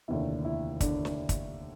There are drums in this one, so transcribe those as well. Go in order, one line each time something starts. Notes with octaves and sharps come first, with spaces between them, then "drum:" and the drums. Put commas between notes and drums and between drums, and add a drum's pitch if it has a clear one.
F1 D#2 D3 E4
E4
D3 D4, drum: kick, hi-hat
drum: snare
drum: kick, hi-hat